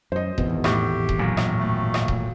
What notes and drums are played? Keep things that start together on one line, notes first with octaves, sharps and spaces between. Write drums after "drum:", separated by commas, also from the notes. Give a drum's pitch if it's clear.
F#2 C5 D#5
G#1 E2 B2, drum: kick D#1
A2 G4, drum: rim click
drum: kick D#1
A#2 F#3
drum: rim click
A3
drum: rim click
drum: kick D#1